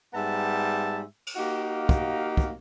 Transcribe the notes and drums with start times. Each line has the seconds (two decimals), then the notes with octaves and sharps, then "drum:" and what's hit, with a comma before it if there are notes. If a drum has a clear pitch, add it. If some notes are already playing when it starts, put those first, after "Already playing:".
0.14 G#2 G3 B3 E5 A5
1.27 drum: cymbal
1.36 A#3 D#4 F#4 G4 F5
1.89 drum: kick
2.37 drum: kick